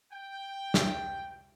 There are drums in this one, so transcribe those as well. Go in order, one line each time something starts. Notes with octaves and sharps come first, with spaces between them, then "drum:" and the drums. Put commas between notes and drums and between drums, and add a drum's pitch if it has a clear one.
G5
drum: snare